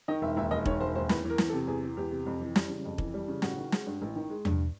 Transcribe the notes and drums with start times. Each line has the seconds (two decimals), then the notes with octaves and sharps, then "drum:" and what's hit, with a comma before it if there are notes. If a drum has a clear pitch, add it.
0.08 D#3 D#5
0.22 E1 E5
0.36 D#2 E5
0.51 E1 D#5
0.66 D#3 C#5, drum: kick
0.80 E1 C5
0.95 D#2 C5
1.09 E2 B4, drum: snare
1.25 E3 A#4
1.38 E2, drum: snare
1.49 A4
1.53 C3
1.67 E2 G#4
1.83 E3
1.97 E2 G4
2.11 C3
2.26 F2
2.41 E3
2.56 G3, drum: snare
2.70 C#3
2.85 F2
2.98 E3, drum: kick
3.14 G3
3.28 C#3
3.42 A1 F#4, drum: snare
3.57 D#3
3.72 G#3, drum: snare
3.86 G2
4.01 A1
4.16 D#3
4.30 G#3
4.45 G2, drum: tom E2